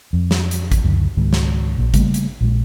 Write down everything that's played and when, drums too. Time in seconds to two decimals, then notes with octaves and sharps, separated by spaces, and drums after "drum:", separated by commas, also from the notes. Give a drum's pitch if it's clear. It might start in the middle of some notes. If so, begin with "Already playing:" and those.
0.13 F2
0.31 drum: snare
0.51 drum: hi-hat
0.72 drum: kick A1, hi-hat
0.84 C#2 F#2 D3
1.17 C#2 G#2 D#3 G#3
1.33 drum: snare
1.78 A#1 A#2
1.94 C#3 G3 A3 A#3, drum: kick A1, hi-hat
2.14 drum: hi-hat
2.41 A#1 A#2 G#3